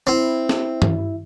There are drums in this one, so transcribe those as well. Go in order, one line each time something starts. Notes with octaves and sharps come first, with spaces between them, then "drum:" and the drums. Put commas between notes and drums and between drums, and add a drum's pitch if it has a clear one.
C4 E4
drum: snare
drum: tom G2